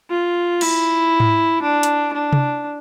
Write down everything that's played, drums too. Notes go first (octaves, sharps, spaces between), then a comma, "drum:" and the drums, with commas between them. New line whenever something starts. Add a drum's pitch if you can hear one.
F4
E4, drum: cymbal
drum: tom G#2
D4
drum: hi-hat
D4
drum: tom C3